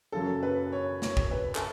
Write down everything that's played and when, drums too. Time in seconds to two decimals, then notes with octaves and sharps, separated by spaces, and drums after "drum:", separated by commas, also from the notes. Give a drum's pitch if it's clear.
0.12 F#1 F#2 C#3 F#3 A4
0.43 B4
0.72 C#5
1.02 C#5, drum: snare
1.17 drum: kick
1.31 B4
1.55 A4, drum: clap